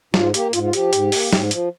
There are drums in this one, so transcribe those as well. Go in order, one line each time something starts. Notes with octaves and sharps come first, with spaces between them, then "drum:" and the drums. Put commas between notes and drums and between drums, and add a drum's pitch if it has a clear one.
G#2 F4, drum: snare
A#3 G4, drum: hi-hat
G#2 F4, drum: hi-hat
F4
F3 G4, drum: hi-hat
G#2, drum: hi-hat
A#3, drum: open hi-hat
G#2, drum: snare
F3, drum: hi-hat